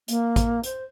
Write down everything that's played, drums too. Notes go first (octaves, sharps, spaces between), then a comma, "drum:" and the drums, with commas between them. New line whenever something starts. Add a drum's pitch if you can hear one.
A#3, drum: hi-hat
drum: kick, hi-hat
C5, drum: hi-hat